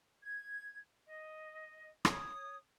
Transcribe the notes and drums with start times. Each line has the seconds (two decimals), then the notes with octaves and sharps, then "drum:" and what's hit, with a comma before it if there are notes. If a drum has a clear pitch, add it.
0.23 G#6
1.08 D#5
2.05 C#5 D#6, drum: rim click